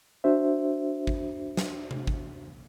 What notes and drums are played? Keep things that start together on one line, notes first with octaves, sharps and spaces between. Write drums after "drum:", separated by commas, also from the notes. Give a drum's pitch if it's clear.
D4 F#4 C5 E5
drum: kick G#1
drum: snare
drum: tom C3
drum: kick G#1